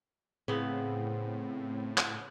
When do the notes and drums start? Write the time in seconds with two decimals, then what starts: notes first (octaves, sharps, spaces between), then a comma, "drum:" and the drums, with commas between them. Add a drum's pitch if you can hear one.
0.48 A2 C#3 B3 C4
1.98 drum: clap